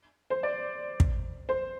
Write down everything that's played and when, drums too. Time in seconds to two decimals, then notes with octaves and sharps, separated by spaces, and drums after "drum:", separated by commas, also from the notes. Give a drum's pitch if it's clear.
0.30 C5
0.43 D5
1.00 drum: kick
1.49 C5